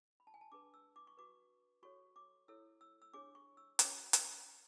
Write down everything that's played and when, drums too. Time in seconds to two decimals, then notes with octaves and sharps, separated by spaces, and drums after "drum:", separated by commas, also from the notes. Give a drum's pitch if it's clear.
0.20 B5
0.27 A5
0.34 G#5
0.41 A5
0.52 D4 G#4 B4 D6
0.74 E6
0.96 D6
1.07 C#6
1.17 F#4 B4 D6
1.83 F#4 A4 C#5 C#6
2.16 D6
2.48 E4 A4 C#5 E6
2.81 E6
3.02 E6
3.13 D4 G#4 C#5 D6
3.35 C#6
3.57 E6
3.79 C#4 F#4 C#5 D6, drum: hi-hat
4.13 drum: hi-hat